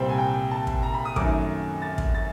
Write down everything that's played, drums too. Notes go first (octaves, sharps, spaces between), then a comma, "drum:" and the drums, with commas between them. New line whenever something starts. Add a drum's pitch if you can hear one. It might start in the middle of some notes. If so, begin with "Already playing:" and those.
Already playing: C2 A#2 G3 C4 G5
G#5
G5
A5
drum: kick
A#5
B5
D#6
F#2 D#3 F#3 A3 D6, drum: kick
A6
drum: kick
A6